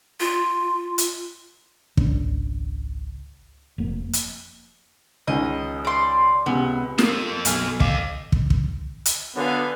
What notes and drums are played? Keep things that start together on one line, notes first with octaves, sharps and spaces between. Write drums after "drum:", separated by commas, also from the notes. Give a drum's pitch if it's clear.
F4
drum: hi-hat
G#1 C#2 C#4 D4, drum: kick
F1 A#3
drum: hi-hat
C#2 D#3 D#5
D5 C6
C#2 C3 B3
A#3 C4 A4, drum: snare
B1 G#5 F6, drum: hi-hat
D#5 F5 D6, drum: kick
drum: kick
drum: kick
drum: hi-hat
D3 F#3 B3 B4 F5 G#5